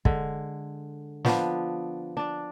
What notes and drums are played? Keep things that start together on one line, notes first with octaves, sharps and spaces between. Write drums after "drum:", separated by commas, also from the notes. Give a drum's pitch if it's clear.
D3 G#3, drum: kick
F3 B3 D4, drum: snare
D4 D5